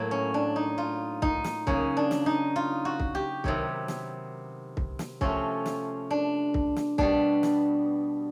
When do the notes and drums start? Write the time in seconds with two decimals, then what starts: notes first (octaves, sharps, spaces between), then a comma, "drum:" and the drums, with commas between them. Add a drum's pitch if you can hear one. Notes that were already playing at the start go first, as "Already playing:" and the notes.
Already playing: A2 F#3 A#3
0.11 C#4
0.34 D4
0.56 D#4
0.78 F4
1.22 D#4, drum: kick C2
1.44 drum: snare
1.67 C#3 F#3 A#3 C#4, drum: kick C2
1.97 D4
2.11 drum: snare
2.26 D#4
2.56 F4
2.85 F#4
3.00 drum: kick C2
3.15 G4
3.44 C3 D#3 F#3 B3, drum: kick C2
3.88 drum: snare
4.77 drum: kick C2
4.99 drum: snare
5.21 C3 F3 A3 C4 C#4, drum: kick C2
5.66 drum: snare
6.11 D4
6.54 drum: kick C2
6.76 drum: snare
6.98 B2 G3 B3 D4, drum: kick C2
7.43 drum: snare